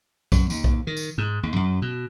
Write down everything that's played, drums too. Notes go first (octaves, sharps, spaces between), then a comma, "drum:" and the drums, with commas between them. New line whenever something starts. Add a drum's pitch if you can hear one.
F#2, drum: kick B1, tambourine
D#2, drum: tambourine
drum: kick B1
D#3
drum: tambourine
G#2
D#2
F#2
B2